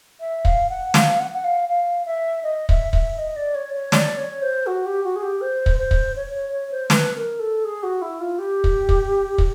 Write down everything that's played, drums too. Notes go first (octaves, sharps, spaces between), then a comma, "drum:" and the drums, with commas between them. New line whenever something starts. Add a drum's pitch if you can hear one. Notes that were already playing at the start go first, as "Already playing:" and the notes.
E5
F5, drum: kick
F#5
F5, drum: snare
F#5
F#5
F5
F5
E5
D#5
E5, drum: kick
E5, drum: kick
D#5
D5
C#5
C#5
D5, drum: snare
C#5
C5
F#4
G4
F#4
G#4
G4
C5
drum: kick
C5
drum: kick
C#5
C#5
C#5
C5
B4, drum: snare
A#4
A4
G#4
F#4
E4
F4
G4
drum: kick
drum: kick
drum: kick